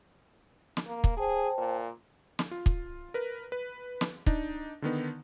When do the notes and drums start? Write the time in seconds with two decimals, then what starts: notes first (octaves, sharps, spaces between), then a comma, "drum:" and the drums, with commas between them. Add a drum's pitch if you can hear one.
0.77 drum: snare
0.86 A#3
1.04 drum: kick
1.17 G#4 C5 G5 A5
1.58 A#2
2.39 drum: snare
2.51 F4
2.66 drum: kick
3.14 A#4 B4
3.52 B4
4.01 drum: snare
4.26 D4 D#4, drum: kick
4.82 D3 D#3 B3 D#4